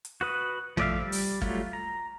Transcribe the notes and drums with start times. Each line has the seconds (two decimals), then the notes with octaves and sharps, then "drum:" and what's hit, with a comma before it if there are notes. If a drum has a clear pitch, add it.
0.05 drum: hi-hat
0.21 F#4 B4 D#6
0.77 F3 A3 D5 E5 F5, drum: tom
1.01 G3
1.12 drum: open hi-hat
1.42 F#3 G3 A3 F4, drum: kick
1.73 A#5